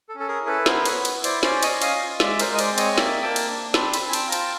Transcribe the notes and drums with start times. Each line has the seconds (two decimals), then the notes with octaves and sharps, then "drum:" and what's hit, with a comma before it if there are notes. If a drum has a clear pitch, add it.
0.09 A4
0.15 C#4
0.20 A4
0.28 G#4 A#4
0.41 E4
0.47 A4 B4
0.66 B3 A#4 C5, drum: snare
0.85 B4 C#5, drum: cymbal
0.93 B3
1.05 drum: cymbal
1.18 E4
1.24 C5 D5, drum: cymbal
1.43 C#4 C5 D5, drum: snare
1.63 C#5 D#5, drum: cymbal
1.70 C#4
1.82 D#5 F5, drum: cymbal
1.95 F4
2.20 G#3 D5 E5, drum: snare
2.39 A#4 C5, drum: cymbal
2.46 G#3
2.54 D#5
2.59 C5 D5, drum: cymbal
2.72 C4
2.78 C#5 D#5, drum: cymbal
2.98 A#3 D5 E5, drum: snare
3.23 A#3 G5 A5
3.36 drum: cymbal
3.49 D4
3.74 C4 A5 B5, drum: snare
3.89 C6
3.94 A5 B5, drum: cymbal
4.00 C4
4.09 G#5
4.13 G5 A5, drum: cymbal
4.27 F4 A#5
4.32 G5 A5, drum: cymbal